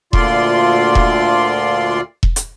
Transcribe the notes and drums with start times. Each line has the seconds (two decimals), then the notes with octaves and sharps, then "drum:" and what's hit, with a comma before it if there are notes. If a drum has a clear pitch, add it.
0.13 D2 A#2 D3 F4 D5 C6, drum: kick E1
0.95 drum: kick E1
2.23 drum: kick E1
2.36 drum: hi-hat